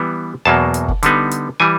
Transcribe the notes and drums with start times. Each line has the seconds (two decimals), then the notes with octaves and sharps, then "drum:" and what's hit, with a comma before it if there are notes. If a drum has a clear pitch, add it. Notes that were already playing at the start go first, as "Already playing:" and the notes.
Already playing: E3 G3 B3
0.45 E2 B2 F#3 A#3 A5
0.74 drum: hi-hat
0.88 drum: kick
1.03 D3 G3 B3 D#4, drum: hi-hat
1.31 drum: hi-hat
1.60 E3 G3 G#5